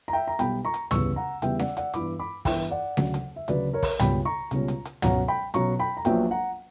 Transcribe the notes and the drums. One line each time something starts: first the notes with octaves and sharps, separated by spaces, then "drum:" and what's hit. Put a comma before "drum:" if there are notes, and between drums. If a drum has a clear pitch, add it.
A#5
E5 G5
A#5
B1 B2 G3 G5 B5, drum: hi-hat
A#5 C#6
drum: hi-hat
E2 C#3 G3 B3 C#6 E6, drum: tom
F#5 A#5
E2 C#3 G3 B3 E5 G5, drum: hi-hat
D5 F#5, drum: snare C#4
D5 F#5, drum: hi-hat
G2 E3 B3 B5 D6, drum: hi-hat
B5 D6
G2 E3 B3 E5 G5, drum: kick, open hi-hat
D5 F#5
D2 C#3 F#3, drum: snare C#4
drum: hi-hat
E5
D2 C#3 F#3 B4 D5, drum: hi-hat
A#4 C#5
drum: kick, open hi-hat
C#2 B2 G3 C#4 G5 B5, drum: tom
A#5 C#6
C#2 B2 G3 C#4, drum: hi-hat
drum: hi-hat
drum: hi-hat
B1 B2 F#3 C#4 F#5 A#5, drum: tom
G5 B5
B1 B2 F#3 C#4 A#5 C#6, drum: hi-hat
G5 B5
A#5
A#1 A#2 F#3 B3 E5 G5, drum: hi-hat
F#5 A#5